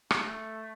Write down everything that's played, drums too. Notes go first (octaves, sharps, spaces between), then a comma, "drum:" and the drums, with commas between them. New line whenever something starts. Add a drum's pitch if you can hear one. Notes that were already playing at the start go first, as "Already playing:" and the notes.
A3, drum: rim click